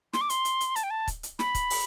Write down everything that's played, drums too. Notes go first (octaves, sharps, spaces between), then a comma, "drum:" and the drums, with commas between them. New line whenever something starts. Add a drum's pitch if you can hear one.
C6, drum: snare
D6
C6, drum: hi-hat
drum: hi-hat
drum: hi-hat
A5, drum: hi-hat
G5
A5
drum: kick, hi-hat
drum: hi-hat
B5, drum: snare
drum: kick, hi-hat
drum: open hi-hat